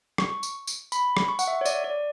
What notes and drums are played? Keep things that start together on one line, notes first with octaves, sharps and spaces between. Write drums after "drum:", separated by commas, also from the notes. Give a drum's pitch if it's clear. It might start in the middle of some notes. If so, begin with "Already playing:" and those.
C#6, drum: rim click
drum: tambourine
drum: tambourine
B5, drum: tambourine
drum: rim click
C#6
F#5, drum: tambourine
E5
C#5
D5, drum: tambourine
D5